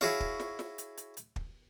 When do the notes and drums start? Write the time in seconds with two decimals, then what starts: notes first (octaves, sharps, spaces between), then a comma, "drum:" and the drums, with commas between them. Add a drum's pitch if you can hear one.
0.01 E4 F#4 G#4 C#5 F5, drum: snare
0.20 drum: kick
0.40 drum: snare
0.59 drum: snare
0.78 drum: hi-hat
0.97 drum: hi-hat
1.17 drum: hi-hat
1.36 drum: kick